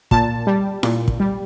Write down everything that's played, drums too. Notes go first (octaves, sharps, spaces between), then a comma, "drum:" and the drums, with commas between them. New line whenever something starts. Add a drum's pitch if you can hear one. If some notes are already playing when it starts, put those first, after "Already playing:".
A#2 A5, drum: kick
G3
A#2, drum: snare E4
drum: kick
G3